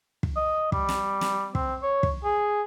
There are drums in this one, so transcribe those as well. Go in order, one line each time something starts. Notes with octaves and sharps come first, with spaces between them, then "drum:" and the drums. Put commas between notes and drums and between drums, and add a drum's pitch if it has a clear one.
drum: kick
D#5
G3, drum: kick
drum: snare
drum: snare
C4, drum: kick
C#5
drum: kick
G#4